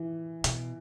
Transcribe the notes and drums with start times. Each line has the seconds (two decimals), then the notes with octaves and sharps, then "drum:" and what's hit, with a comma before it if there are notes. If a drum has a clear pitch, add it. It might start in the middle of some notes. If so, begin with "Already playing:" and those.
Already playing: E3
0.44 B2, drum: hi-hat